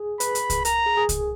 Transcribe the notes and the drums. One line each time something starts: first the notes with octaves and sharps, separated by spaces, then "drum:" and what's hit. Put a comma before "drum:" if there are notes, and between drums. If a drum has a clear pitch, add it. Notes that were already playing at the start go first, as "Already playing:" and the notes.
Already playing: G#4
B4 B5, drum: hi-hat
drum: hi-hat
drum: kick C2, hi-hat
A#4 A#5, drum: hi-hat
G#4
G#4
drum: kick C2, hi-hat